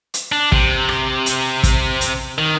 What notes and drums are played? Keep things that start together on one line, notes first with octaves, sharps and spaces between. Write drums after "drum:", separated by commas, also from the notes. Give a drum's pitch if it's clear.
drum: hi-hat
D4
C3, drum: kick
drum: rim click
drum: hi-hat
drum: kick, hi-hat
drum: hi-hat
D#3